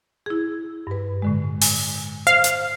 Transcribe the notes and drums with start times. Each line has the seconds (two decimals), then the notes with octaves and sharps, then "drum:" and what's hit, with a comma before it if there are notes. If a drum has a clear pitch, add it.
0.26 E4 G#4
0.87 G2 B4
1.22 A2 D3 G#3
1.61 G#5, drum: open hi-hat
2.27 C5 F5
2.44 drum: hi-hat